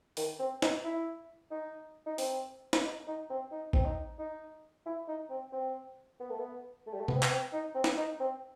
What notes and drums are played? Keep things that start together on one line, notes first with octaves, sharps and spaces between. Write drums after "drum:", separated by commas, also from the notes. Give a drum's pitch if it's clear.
D#3, drum: open hi-hat
C4
D#4, drum: snare
E4
D#4
D#4
C4, drum: open hi-hat
drum: snare
D#4
D#4
C4
D#4
C4, drum: kick A1
D#4
D#4
E4
D#4
C4
C4
B3
A3
B3
A3
G3
A3
B3, drum: tom C3
C4
B3, drum: clap
C4
D#4
C4
drum: snare
D#4
C4